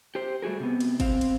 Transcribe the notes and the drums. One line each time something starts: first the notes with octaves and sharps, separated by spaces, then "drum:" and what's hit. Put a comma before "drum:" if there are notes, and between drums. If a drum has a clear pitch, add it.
G4 C5
G3 A3 F#4 G#4 A#4
C3 B3
drum: cymbal
C4 C5 F5, drum: kick, cymbal
drum: cymbal